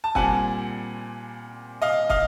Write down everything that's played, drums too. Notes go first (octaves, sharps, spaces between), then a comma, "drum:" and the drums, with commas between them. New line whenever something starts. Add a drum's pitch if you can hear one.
A5
A#2 G3 C4 F#5 G#5, drum: kick
D#5 F5
D#5 F5, drum: kick